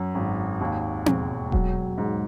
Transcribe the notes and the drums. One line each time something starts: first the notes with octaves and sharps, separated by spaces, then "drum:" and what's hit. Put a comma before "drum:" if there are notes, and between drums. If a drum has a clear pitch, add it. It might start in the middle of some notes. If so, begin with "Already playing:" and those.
Already playing: F#2
G#1
D#2
E1, drum: tom C4
F#3, drum: kick D#1
G#2